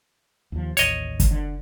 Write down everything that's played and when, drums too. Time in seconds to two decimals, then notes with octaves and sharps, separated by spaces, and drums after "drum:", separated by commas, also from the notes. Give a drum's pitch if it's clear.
0.52 D#2 F3
0.77 A1 D#2 C#5 D#5, drum: hi-hat
1.20 drum: kick, hi-hat
1.31 D3